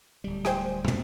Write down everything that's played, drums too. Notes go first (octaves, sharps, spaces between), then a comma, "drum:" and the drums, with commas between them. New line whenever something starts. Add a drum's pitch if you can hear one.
D1 G3
C5 G5 G#5, drum: rim click
E2 B2 A3, drum: tom